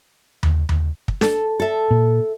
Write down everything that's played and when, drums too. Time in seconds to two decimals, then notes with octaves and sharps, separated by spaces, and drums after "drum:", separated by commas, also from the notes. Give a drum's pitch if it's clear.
0.43 drum: tom D#2
0.69 drum: tom D#2
1.08 drum: kick
1.21 A4, drum: snare D4
1.60 A4 E5
1.91 A#2